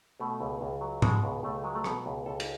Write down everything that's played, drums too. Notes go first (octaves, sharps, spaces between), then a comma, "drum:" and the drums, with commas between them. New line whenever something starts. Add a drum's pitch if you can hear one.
B2 A3
C#2
C#2
F#3
B2 G#3, drum: tom
C#2
C#2 A3
F#3 G#3
A3
B2 B3, drum: rim click
C#2
C#2 A4
drum: cymbal